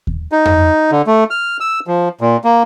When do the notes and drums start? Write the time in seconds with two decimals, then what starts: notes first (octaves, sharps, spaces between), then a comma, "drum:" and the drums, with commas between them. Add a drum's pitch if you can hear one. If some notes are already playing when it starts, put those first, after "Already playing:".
0.07 drum: kick D#2
0.32 D#4
0.45 drum: tom F2
0.92 D3
1.07 A3
1.30 F6
1.60 E6
1.87 F3
2.21 A#2
2.44 A#3